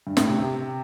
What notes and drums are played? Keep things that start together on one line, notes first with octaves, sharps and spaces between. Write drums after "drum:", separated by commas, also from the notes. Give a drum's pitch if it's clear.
G2
A2, drum: snare
C3
C3